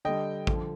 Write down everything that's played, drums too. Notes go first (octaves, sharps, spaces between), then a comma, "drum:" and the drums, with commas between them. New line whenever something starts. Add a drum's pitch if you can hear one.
D3 G3 D#5 G5
D3 F3, drum: kick A1